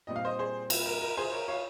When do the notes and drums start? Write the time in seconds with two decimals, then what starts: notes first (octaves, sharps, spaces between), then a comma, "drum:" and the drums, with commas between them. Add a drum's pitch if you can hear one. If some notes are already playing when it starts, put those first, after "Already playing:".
0.07 A#1 A#2 G3 C4 D#5
0.16 F5
0.25 C5 D#5
0.39 G#4 C5
0.70 drum: cymbal
0.86 A#4
1.02 A#4
1.17 G#4 C5
1.32 A#4 C#5
1.48 C#5 F5